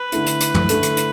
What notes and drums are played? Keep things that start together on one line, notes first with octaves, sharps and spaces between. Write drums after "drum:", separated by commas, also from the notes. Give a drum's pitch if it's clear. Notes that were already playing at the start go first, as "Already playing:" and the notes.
Already playing: B4
D3 A3 E4, drum: hi-hat
drum: hi-hat
drum: hi-hat
drum: tom
D3 A3 E4, drum: hi-hat
drum: hi-hat
drum: hi-hat